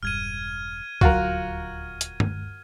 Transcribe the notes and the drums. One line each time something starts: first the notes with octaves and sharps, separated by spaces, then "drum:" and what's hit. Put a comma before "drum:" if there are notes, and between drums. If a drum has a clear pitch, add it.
E1 G2 F6 G#6 D#7
D#1 D2 F#3 F4 F#4 A#4, drum: kick C2
drum: hi-hat
drum: tom G2